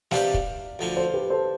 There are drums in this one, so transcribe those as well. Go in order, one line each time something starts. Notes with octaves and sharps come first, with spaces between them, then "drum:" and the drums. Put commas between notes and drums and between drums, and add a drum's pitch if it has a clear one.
C3 G3 D4 G4 B4 D5 F5, drum: snare
drum: kick
D2 D3 F3
A4 C5
G4 B4
A4 C5